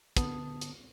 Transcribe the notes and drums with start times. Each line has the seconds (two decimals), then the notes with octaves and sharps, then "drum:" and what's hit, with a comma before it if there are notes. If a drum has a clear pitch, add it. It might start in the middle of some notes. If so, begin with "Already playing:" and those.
0.17 D3 B3 A5 D#6, drum: kick, hi-hat
0.61 drum: hi-hat